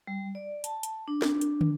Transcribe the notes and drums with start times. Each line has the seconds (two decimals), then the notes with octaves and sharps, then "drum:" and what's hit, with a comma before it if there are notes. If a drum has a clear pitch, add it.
0.07 G3
0.35 D5
0.64 A5, drum: hi-hat
0.83 drum: hi-hat
1.08 D4
1.22 drum: snare
1.41 drum: hi-hat
1.61 drum: tom